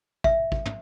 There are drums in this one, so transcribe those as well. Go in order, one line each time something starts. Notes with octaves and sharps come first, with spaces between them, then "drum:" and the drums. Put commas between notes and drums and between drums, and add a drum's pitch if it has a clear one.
E5, drum: kick
drum: kick
drum: tom